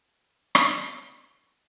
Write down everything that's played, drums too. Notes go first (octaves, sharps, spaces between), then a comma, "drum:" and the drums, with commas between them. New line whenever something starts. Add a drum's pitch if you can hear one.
drum: rim click
A3
F#7
D#4
D#4